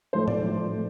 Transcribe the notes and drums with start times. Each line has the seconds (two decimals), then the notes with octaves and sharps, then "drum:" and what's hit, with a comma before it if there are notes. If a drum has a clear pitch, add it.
0.13 A2 F3 A3 C5
0.28 D5, drum: tom
0.42 A2 F3 A3
0.70 A2 F3 A3